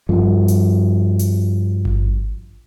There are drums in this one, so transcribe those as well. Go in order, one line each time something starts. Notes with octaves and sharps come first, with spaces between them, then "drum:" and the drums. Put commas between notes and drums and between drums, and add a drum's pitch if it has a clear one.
G2 F3
drum: hi-hat
drum: hi-hat
drum: kick G#1